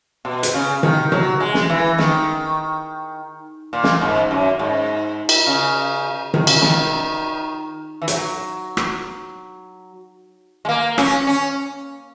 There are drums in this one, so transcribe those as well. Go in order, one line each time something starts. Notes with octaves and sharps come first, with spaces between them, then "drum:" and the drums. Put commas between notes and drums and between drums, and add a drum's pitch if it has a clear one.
B2
drum: hi-hat
C#3
D#3, drum: tom C3
F#3, drum: tom C3
G#3
drum: snare
E3
D#3, drum: snare
A#2
drum: snare
G#2
F#2
G#2
drum: cymbal
C#3
D#3, drum: tom C3
C#3, drum: cymbal
D#3, drum: snare
E3
F#3, drum: hi-hat
drum: rim click
G#3
A#3
C#4, drum: rim click
C#4